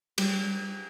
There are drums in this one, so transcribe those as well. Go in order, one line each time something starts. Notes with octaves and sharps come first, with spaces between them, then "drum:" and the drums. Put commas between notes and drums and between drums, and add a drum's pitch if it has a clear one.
G3, drum: cymbal